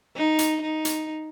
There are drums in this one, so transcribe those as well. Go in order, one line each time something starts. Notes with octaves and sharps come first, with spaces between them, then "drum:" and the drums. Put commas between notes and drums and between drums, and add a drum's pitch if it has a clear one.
D#4
drum: hi-hat
D#4
drum: hi-hat